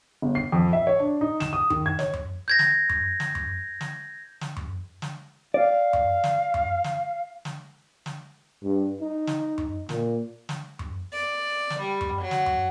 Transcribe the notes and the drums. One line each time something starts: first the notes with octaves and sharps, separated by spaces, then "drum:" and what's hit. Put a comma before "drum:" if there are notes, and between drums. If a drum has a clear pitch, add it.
G1
C7
F2
E5
C#5
D4
D#4
E7, drum: snare
D#6
D#3, drum: tom F#2
G#6
C#5, drum: snare
drum: tom F#2
G6 G#6 A#6
drum: snare
drum: tom F#2
drum: snare
drum: tom F#2
drum: snare
drum: snare
drum: tom F#2
drum: snare
D5 F5
drum: tom F#2
drum: snare
drum: tom F#2
drum: snare
drum: snare
drum: snare
G2
D#4
drum: snare
drum: tom F#2
A#2, drum: snare
drum: snare
drum: tom F#2
D5
drum: snare
G3
drum: tom F#2
F#3
drum: snare
drum: tom F#2